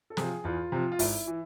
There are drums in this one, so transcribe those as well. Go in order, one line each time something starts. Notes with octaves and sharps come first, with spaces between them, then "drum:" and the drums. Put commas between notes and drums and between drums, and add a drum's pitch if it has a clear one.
A4
C3 F3 G#4, drum: snare
E2 F4
C3 F3
F4
G#1 E4, drum: open hi-hat
E3